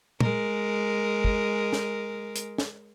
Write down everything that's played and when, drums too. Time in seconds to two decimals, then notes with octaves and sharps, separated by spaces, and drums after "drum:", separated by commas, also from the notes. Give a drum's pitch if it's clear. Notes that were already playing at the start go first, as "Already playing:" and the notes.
0.20 G#3 A#4, drum: tom
1.25 drum: kick
1.73 drum: snare
2.36 drum: hi-hat
2.58 drum: snare